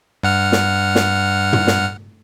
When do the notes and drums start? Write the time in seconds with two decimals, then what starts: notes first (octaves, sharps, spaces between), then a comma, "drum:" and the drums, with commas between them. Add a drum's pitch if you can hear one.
0.23 G2 F#5 F6
0.52 drum: snare
0.95 drum: snare
1.53 drum: tom
1.67 drum: snare